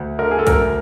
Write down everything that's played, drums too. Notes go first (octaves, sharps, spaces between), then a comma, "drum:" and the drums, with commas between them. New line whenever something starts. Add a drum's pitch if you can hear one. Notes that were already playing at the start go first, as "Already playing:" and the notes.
Already playing: D2
D3 A#4
G#4
A4
D2 A#4, drum: kick, hi-hat